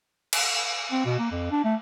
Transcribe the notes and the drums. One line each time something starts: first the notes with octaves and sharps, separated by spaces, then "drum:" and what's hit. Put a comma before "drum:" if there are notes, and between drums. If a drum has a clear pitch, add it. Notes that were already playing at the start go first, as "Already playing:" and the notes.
drum: cymbal
C4
B2
A#3
F2
D4
A3